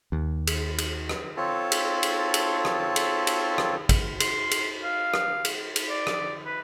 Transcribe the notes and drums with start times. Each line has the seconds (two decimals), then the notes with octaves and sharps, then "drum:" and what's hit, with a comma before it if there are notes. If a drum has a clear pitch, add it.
0.12 D#2
0.47 drum: cymbal
0.78 drum: cymbal
1.09 drum: rim click
1.37 C4 F4 A4 C#5 A5
1.72 drum: cymbal
2.03 drum: cymbal
2.34 drum: cymbal
2.65 drum: rim click
2.96 drum: cymbal
3.27 drum: cymbal
3.58 drum: rim click
3.89 drum: kick, cymbal
4.20 C6, drum: cymbal
4.51 drum: cymbal
4.84 F5
5.14 drum: rim click
5.45 drum: cymbal
5.76 drum: cymbal
5.90 D5
6.07 drum: rim click
6.46 B4